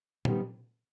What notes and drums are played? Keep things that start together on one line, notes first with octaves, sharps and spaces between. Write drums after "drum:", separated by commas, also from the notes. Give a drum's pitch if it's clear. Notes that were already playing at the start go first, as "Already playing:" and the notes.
C3 D#3 G3 B3 D#4, drum: tom A#2